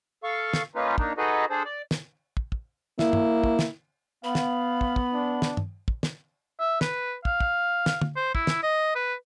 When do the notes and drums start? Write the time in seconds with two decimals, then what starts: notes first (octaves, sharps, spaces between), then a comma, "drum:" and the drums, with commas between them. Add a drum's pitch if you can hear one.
0.24 A4 F5 C#6
0.53 drum: snare
0.75 A#3 C#4 D#4 F4 B4
0.98 A#3 D4 D#4, drum: kick
1.18 D#4 F#4 G#4 A4 B4 D#5
1.50 D4 G#4 A4 C5
1.65 D5
1.91 drum: snare
2.37 drum: kick
2.52 drum: kick
2.99 A#3 E4, drum: snare
3.13 drum: tom
3.44 drum: kick
3.59 drum: snare
4.24 B3 F5 B5
4.35 drum: snare
4.81 drum: kick
4.96 drum: kick
5.13 D4
5.42 drum: snare
5.57 drum: tom
5.88 drum: kick
6.03 drum: snare
6.60 E5
6.81 B4, drum: snare
7.25 F5, drum: kick
7.40 drum: kick
7.86 drum: snare
8.02 drum: tom
8.16 C5
8.35 E4, drum: kick
8.47 drum: snare
8.63 D#5
8.96 B4